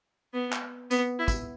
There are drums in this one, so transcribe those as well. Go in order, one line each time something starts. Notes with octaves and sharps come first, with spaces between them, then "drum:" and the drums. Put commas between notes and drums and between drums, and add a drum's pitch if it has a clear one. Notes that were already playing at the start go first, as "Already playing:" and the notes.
B3
drum: clap
B3, drum: tambourine
E4
drum: kick, tambourine